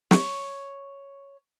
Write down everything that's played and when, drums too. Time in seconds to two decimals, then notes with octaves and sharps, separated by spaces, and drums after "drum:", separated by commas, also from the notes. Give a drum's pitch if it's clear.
0.11 C#5, drum: snare